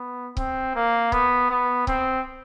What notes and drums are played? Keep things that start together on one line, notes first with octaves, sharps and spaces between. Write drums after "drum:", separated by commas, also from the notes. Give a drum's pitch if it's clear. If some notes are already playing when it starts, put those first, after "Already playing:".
Already playing: B3
C4, drum: kick C#1
A#3
B3, drum: kick C#1
B3
C4, drum: kick C#1